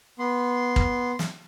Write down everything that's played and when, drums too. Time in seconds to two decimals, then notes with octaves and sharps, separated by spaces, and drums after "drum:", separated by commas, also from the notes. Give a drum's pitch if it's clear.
0.19 B3 C6
0.76 drum: kick
1.19 drum: snare